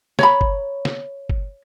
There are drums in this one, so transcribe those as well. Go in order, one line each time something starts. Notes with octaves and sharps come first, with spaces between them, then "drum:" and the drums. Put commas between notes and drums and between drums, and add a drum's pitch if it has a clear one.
C#5 A#5 B5, drum: snare
drum: kick G1
drum: snare
drum: kick G1